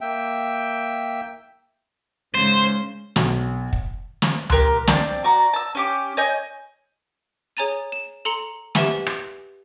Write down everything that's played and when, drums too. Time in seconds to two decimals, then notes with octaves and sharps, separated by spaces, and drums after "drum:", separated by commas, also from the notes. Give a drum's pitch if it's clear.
0.01 A#3 E5 G5
2.35 G#2 C#3 G#3 C5
3.16 B1, drum: snare
3.73 drum: kick
4.22 drum: snare
4.50 G4 A#4 C6 F#6, drum: tom C#2
4.87 C4 D4 G5 A5, drum: snare
5.24 F#4 D5 A#5
5.54 A5 E6
5.75 C#4 G4 D6
6.17 C#5 D#5 G#5 G6
7.57 G#4 C#5 G#5 A#5 A6 D#7
7.92 E7
8.25 A4 A#5 C6 C#7 F7
8.75 G4 B4 E5 F#5 G#5, drum: snare
9.07 drum: rim click